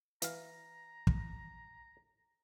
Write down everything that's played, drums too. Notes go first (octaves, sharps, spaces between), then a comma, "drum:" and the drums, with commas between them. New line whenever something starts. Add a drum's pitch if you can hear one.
E3 F5 A#5, drum: hi-hat
drum: kick